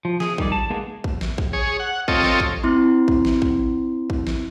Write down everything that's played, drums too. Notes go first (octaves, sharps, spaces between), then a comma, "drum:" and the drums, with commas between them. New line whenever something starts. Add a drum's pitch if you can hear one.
F3
G#4, drum: snare
D#3 G3 D5, drum: kick
A5
G#3 A#3 B3 D#4 G#4
drum: kick
drum: snare
drum: kick
G#4 C#5
F#5
C4 F4 A4 C#5 D#5, drum: kick
drum: snare
drum: kick
C4 E4 C6
drum: kick
drum: snare
drum: kick
drum: kick
drum: snare